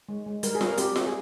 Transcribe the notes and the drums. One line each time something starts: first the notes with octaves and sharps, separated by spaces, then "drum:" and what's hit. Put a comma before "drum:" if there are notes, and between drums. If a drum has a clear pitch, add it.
G#3
G#3
G3 A#4, drum: hi-hat
G#4
G3, drum: snare F4
A#4
C4 G4, drum: hi-hat
F4, drum: snare F4
G#4